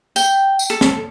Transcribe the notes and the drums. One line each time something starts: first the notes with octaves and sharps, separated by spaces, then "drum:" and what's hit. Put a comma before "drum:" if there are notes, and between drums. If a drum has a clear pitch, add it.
G5, drum: tambourine
drum: tambourine
A4
drum: snare